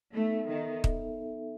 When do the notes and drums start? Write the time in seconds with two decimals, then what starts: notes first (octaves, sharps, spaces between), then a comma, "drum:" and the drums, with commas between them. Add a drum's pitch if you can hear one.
0.14 A3 B3 D#4 A4 E5
0.48 D#3
0.84 drum: kick